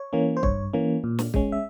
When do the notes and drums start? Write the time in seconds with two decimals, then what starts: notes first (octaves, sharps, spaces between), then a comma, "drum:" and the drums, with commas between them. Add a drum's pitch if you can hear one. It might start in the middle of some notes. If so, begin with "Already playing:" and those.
Already playing: C#5
0.13 E3 A#3 C#4
0.37 C5
0.43 G2 C#5, drum: kick
0.73 E3 A#3 C#4
1.04 A#2
1.19 drum: snare
1.34 G#3 C#4, drum: kick
1.52 E5